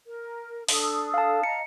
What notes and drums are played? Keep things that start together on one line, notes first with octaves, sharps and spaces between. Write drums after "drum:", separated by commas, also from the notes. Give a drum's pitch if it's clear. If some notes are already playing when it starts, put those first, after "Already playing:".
A#4
D4 A4 D#6, drum: open hi-hat
F5 A5
D#5 F5 A#5 C#7